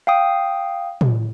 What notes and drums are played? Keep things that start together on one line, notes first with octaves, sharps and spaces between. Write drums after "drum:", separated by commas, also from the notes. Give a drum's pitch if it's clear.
F5 G5 D#6
drum: tom